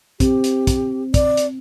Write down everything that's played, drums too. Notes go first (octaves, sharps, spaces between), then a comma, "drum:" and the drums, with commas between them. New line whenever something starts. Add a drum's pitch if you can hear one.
C4 G4, drum: kick, hi-hat
drum: hi-hat
drum: kick, hi-hat
D5, drum: kick, hi-hat
drum: hi-hat